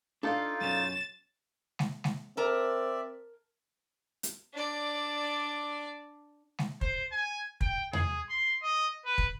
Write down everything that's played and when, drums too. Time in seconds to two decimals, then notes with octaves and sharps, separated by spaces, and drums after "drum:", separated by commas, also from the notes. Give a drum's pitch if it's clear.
0.23 D4 D#4 F4 A4 D5 F5 A5
0.61 F#2 B2 C#4 A6 E7
1.79 drum: snare G#3
2.04 drum: snare G#3
2.37 C4 A#4 D5 E5 A5
4.23 drum: hi-hat
4.53 D4 D5
6.59 drum: snare G#3
6.81 C5, drum: kick
7.12 G#5
7.61 G5, drum: kick
7.93 G#4, drum: tom E2
8.30 C6
8.63 D#5
9.05 B4
9.18 drum: kick